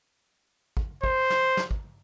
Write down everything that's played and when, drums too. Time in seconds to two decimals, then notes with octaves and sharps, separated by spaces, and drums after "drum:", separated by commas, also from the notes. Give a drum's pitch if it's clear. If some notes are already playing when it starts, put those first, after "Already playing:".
0.77 drum: kick
1.04 C5, drum: kick
1.30 drum: snare
1.57 drum: snare
1.71 drum: kick